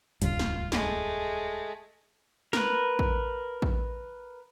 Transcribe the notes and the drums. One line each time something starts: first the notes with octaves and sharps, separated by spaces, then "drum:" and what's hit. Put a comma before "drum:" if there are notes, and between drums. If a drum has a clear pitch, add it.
D#1 C#2 G2 F4, drum: hi-hat
drum: snare
G#3 A3, drum: snare
A#4 B4, drum: snare
drum: kick
drum: kick